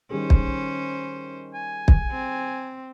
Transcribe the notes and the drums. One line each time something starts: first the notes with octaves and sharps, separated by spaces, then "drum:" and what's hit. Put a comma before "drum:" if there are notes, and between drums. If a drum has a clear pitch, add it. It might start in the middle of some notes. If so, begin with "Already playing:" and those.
D#3 G3 C#4 G#4 C5
drum: kick
G#5
drum: kick
C4